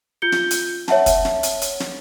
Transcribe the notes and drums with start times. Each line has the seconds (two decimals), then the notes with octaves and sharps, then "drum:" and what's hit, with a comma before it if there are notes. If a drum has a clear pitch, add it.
0.22 F4 G6 C#7 G7
0.32 drum: snare
0.51 drum: hi-hat
0.88 C#5 E5 F#5 A5, drum: snare
1.06 drum: kick, hi-hat
1.25 drum: snare
1.43 drum: hi-hat
1.62 drum: hi-hat
1.80 drum: snare